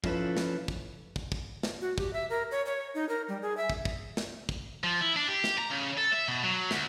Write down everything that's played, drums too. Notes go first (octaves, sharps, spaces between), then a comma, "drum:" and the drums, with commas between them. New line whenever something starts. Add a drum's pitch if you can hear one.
F3 G#3 C#4 E4 A4 B4, drum: kick
drum: snare
drum: kick
drum: kick
drum: kick
drum: snare
F#4
G4, drum: kick
E5
A#4
C#5
C#5
D#4
A#4
G3
G#4
E5
drum: kick
drum: kick
drum: snare
drum: kick
F3
E4
D4
G4
drum: snare
A#5
C#3
A4
E5
B2
F#3
D2, drum: snare